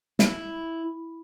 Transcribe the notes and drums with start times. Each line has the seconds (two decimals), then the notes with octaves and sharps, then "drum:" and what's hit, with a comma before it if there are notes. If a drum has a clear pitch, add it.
0.19 E4, drum: snare